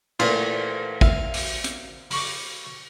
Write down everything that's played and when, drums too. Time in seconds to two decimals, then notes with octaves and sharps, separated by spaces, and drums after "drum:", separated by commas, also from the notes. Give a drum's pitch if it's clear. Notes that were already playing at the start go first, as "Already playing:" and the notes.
0.20 A#2 E3 A3, drum: cymbal
1.01 E5 F5, drum: kick A1
1.34 drum: open hi-hat
1.64 drum: hi-hat
2.11 B5 C#6 D6, drum: open hi-hat